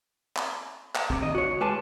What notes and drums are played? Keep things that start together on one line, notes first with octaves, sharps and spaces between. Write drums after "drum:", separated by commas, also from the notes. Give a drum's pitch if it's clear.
drum: clap
drum: clap
C3, drum: kick
D#2 D#5
F#4 C#5
C2
G#3 G4 B4 G#5 A5 C6